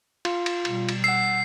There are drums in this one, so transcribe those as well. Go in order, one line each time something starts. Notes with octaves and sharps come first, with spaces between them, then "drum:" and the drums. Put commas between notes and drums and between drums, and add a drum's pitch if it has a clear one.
F4, drum: cymbal
drum: cymbal
B2 G3, drum: cymbal
drum: cymbal
F#5 E6 C7